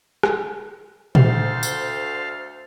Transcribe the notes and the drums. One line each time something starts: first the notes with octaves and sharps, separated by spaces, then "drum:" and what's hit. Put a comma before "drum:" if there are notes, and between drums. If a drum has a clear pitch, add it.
drum: rim click
D2 A4 C5 F5, drum: tom
drum: tambourine